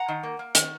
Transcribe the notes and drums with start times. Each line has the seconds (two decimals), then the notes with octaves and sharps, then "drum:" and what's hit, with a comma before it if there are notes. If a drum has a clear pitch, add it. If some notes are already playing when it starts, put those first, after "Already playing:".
Already playing: F#5 A#5
0.08 D#3
0.23 A#3
0.39 A#3
0.55 D#3, drum: hi-hat